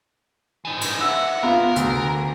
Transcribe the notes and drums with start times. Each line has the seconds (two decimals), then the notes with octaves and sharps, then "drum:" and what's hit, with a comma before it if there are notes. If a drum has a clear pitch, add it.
0.65 E3 D#4
0.81 drum: cymbal
1.01 E5 F#5 E6
1.43 B3 F4 A#4
1.76 D2, drum: hi-hat